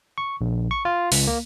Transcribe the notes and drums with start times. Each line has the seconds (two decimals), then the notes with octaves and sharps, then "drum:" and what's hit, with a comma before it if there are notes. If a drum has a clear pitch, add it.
0.18 C#6
0.41 A#1
0.71 C#6
0.85 F4
1.12 C#2, drum: open hi-hat
1.27 A#3